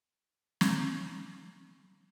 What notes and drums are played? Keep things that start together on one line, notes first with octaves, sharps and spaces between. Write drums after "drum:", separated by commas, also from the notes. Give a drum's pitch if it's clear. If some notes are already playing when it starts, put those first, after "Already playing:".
G2
drum: snare
F4